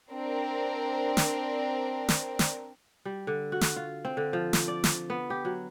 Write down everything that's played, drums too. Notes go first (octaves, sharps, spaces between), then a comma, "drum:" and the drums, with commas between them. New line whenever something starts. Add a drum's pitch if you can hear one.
C4 D4 A#4
drum: snare
drum: snare
drum: snare
G3
D3
F#4
drum: snare
F4
C4
D3
F3
drum: snare
D5
drum: snare
B3
G4
F#3